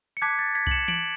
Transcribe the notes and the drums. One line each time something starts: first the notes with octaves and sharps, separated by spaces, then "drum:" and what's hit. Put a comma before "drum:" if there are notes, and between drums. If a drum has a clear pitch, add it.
C#7
A5 D6 F#6 G#6 B6
A6
G#6 B6
F#7, drum: kick C2
C#7 E7
D7 F#7, drum: tom E3